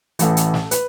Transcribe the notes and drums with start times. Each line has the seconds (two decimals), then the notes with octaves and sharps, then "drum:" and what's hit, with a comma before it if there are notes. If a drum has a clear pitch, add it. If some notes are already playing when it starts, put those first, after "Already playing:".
0.19 A1 A2 E3 A4, drum: hi-hat
0.37 drum: hi-hat
0.54 drum: snare
0.71 B4, drum: hi-hat